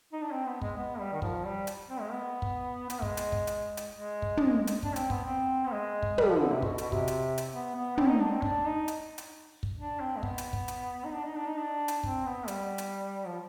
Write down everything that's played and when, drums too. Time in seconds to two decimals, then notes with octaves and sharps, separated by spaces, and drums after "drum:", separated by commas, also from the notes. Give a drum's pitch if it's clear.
0.13 D#4
0.22 D4
0.32 C4
0.47 B3
0.62 G#3, drum: kick
0.77 B3
1.00 G3
1.13 D#3
1.22 F3, drum: kick
1.45 G3
1.67 drum: hi-hat
1.90 C4
2.00 G#3
2.12 B3
2.42 drum: kick
2.90 B3, drum: hi-hat
3.02 G#3, drum: kick
3.17 drum: hi-hat
3.32 drum: kick
3.47 drum: hi-hat
3.77 drum: hi-hat
3.92 G#3
4.22 drum: kick
4.37 drum: tom
4.67 drum: hi-hat
4.83 D4, drum: kick
4.96 C4, drum: hi-hat
5.10 B3, drum: kick
5.24 C4
5.66 B3
5.72 G#3
6.02 drum: kick
6.18 G3, drum: tom
6.29 F3
6.39 D3
6.51 C3
6.62 B2, drum: kick
6.78 B2, drum: hi-hat
6.92 C3, drum: kick
7.08 drum: hi-hat
7.38 drum: hi-hat
7.53 B3
7.75 B3
7.98 C4, drum: tom
8.09 D#4
8.20 D4
8.31 C4
8.42 D4, drum: kick
8.66 D#4
8.88 drum: hi-hat
9.18 drum: hi-hat
9.63 drum: kick
9.78 D4
10.00 C4
10.16 G#3
10.23 B3, drum: kick
10.38 drum: hi-hat
10.53 drum: kick
10.68 drum: hi-hat
11.05 D#4
11.13 D4
11.25 D#4
11.36 D4
11.47 D#4
11.57 D4
11.88 drum: hi-hat
12.03 C4, drum: kick
12.26 B3
12.48 G3, drum: hi-hat
12.78 drum: hi-hat
13.27 F3